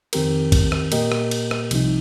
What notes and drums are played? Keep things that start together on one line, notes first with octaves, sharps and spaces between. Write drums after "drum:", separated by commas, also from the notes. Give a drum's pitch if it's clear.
F2 D#3 C4 G4 A#4, drum: cymbal
drum: kick, cymbal
drum: rim click
A#2 A#3 G4 A#4 D#5, drum: cymbal
drum: rim click
drum: cymbal
drum: rim click
C2 C3 F3 D#4, drum: cymbal